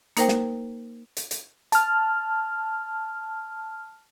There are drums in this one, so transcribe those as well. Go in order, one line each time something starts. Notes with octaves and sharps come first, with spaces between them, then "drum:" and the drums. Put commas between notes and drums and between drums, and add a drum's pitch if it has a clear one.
A#3 D#4 A#4 C5 G5, drum: hi-hat
drum: snare
drum: hi-hat
drum: hi-hat
A5 F6, drum: hi-hat